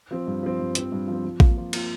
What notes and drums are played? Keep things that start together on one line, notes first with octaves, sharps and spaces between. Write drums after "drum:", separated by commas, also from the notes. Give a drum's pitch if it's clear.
F3 C4
G2
F3 C4
G2
F3 C4, drum: hi-hat
G2
F3 C4
F3
A#3 F4, drum: kick A1
F3
A#3 F4, drum: cymbal